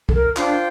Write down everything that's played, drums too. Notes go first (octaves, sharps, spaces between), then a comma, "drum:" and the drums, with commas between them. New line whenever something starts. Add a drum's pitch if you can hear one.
A4, drum: kick
A#4
D4 F4 C5 G5, drum: clap